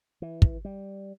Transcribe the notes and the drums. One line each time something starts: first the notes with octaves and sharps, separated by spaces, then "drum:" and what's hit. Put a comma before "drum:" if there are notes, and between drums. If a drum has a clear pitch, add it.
E3
drum: kick
G3